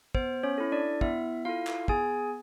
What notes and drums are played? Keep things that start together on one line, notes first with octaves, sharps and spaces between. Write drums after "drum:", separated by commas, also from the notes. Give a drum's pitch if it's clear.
B3 C5, drum: kick
C#4 C#5
E4 A4
D4 D5
B3 E4 E5, drum: kick
E4 F4 A4 F5
drum: clap
B3 G#4 G#5, drum: kick